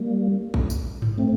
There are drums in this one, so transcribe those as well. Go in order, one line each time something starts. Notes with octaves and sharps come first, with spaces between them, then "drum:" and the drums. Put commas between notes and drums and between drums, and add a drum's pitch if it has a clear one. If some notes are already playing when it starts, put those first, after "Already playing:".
Already playing: G3 A#3
drum: kick
drum: tambourine
drum: tom G2
A3 C4